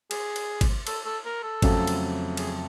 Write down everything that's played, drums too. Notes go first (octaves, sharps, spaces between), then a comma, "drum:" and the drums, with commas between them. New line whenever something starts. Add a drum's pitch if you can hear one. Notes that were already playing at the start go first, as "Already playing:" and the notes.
G#4, drum: cymbal
drum: cymbal
drum: kick G#1, cymbal
A4, drum: cymbal
A4
A#4
A4
F2 C#3 F#3 A3, drum: kick G#1, cymbal
drum: cymbal
G#4, drum: cymbal